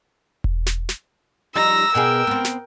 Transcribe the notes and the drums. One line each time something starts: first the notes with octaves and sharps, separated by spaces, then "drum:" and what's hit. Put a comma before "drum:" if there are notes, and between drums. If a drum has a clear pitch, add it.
drum: kick E1
drum: snare
drum: snare
F3 G3 D#4 A#5 E6 A#6
B2 B3 G#4 A#4 G5
B3 C4
drum: snare